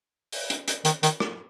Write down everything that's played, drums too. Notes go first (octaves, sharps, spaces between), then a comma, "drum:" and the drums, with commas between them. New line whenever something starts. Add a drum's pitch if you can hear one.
drum: open hi-hat
drum: hi-hat
drum: hi-hat
D#3, drum: hi-hat
D#3, drum: hi-hat
drum: rim click